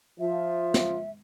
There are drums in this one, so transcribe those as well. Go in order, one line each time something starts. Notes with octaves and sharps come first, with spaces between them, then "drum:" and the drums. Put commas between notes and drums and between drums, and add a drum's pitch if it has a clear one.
F3 F4 E5
drum: snare